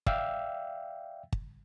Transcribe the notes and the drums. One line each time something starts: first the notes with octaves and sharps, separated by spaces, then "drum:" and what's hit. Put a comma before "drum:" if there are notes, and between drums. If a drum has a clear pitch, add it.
D5 E5 F5 G5 E6, drum: kick
drum: kick